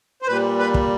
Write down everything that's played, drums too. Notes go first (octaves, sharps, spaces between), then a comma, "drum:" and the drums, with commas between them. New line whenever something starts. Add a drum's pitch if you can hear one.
C5
A#2 G3 B4
B4
drum: kick